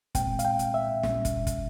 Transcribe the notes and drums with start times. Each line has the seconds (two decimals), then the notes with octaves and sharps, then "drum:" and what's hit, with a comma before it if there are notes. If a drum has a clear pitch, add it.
0.15 C2 A#2 G#3 C4 G5, drum: kick, hi-hat
0.39 F5, drum: hi-hat
0.45 G5
0.59 drum: hi-hat
0.74 E5
1.03 A#2 G3 C#4, drum: snare
1.25 drum: kick, hi-hat
1.47 drum: kick, hi-hat